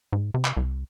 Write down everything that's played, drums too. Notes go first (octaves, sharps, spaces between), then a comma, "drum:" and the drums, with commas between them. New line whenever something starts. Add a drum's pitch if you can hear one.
G#2
C3
drum: clap
C2